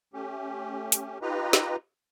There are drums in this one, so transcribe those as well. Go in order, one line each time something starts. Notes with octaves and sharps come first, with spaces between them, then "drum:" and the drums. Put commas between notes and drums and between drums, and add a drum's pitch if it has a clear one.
A3 C#4 G4
drum: hi-hat
D#4 F4 G4 B4 D#5 A#5
drum: snare